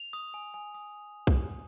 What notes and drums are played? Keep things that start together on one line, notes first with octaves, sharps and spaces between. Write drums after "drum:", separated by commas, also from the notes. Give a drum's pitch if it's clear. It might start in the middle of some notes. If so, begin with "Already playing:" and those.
Already playing: F7
D#6
G#5
G#5
D#6
drum: kick